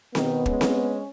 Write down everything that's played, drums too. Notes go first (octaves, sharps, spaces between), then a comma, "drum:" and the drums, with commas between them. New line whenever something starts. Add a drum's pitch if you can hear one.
B2 D#3 B3, drum: snare C4
G#3 C#4, drum: kick
drum: snare C4